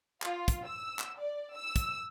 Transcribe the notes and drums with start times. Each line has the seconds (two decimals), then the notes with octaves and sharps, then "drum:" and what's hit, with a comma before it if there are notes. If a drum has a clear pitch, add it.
0.22 F4, drum: clap
0.48 drum: kick, hi-hat
0.66 E6
0.99 drum: clap
1.19 D5
1.54 E6
1.76 drum: kick, hi-hat